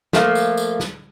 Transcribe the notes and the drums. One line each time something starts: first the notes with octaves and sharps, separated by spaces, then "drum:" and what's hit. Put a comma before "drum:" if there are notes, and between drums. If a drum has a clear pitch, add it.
F3 A3 A#3, drum: snare
drum: tambourine
drum: tambourine
drum: snare